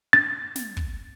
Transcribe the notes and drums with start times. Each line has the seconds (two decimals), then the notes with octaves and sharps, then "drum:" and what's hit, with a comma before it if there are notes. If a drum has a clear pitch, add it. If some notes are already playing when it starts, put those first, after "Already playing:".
0.13 A6
0.55 drum: snare
0.77 drum: kick